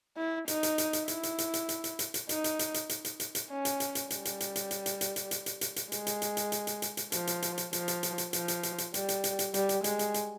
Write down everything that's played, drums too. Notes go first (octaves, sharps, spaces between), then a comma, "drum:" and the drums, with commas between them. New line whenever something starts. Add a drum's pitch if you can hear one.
E4
D#4, drum: hi-hat
drum: hi-hat
drum: hi-hat
drum: hi-hat
E4, drum: hi-hat
drum: hi-hat
drum: hi-hat
drum: hi-hat
drum: hi-hat
drum: hi-hat
drum: hi-hat
drum: hi-hat
D#4, drum: hi-hat
drum: hi-hat
drum: hi-hat
drum: hi-hat
drum: hi-hat
drum: hi-hat
drum: hi-hat
drum: hi-hat
C#4
drum: hi-hat
drum: hi-hat
drum: hi-hat
G3, drum: hi-hat
drum: hi-hat
drum: hi-hat
drum: hi-hat
drum: hi-hat
drum: hi-hat
drum: hi-hat
drum: hi-hat
drum: hi-hat
drum: hi-hat
drum: hi-hat
drum: hi-hat
G#3, drum: hi-hat
drum: hi-hat
drum: hi-hat
drum: hi-hat
drum: hi-hat
drum: hi-hat
drum: hi-hat
drum: hi-hat
F3, drum: hi-hat
drum: hi-hat
drum: hi-hat
drum: hi-hat
F3, drum: hi-hat
drum: hi-hat
drum: hi-hat
drum: hi-hat
F3, drum: hi-hat
drum: hi-hat
drum: hi-hat
drum: hi-hat
G3, drum: hi-hat
drum: hi-hat
drum: hi-hat
drum: hi-hat
G3, drum: hi-hat
drum: hi-hat
G#3, drum: hi-hat
drum: hi-hat
drum: hi-hat